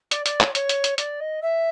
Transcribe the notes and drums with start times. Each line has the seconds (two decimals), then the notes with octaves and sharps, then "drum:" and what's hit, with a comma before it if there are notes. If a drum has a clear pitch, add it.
0.11 D5, drum: hi-hat
0.26 D5, drum: hi-hat
0.40 C#5, drum: clap
0.55 C#5, drum: hi-hat
0.69 drum: hi-hat
0.84 drum: hi-hat
0.98 D5, drum: hi-hat
1.20 D#5
1.42 E5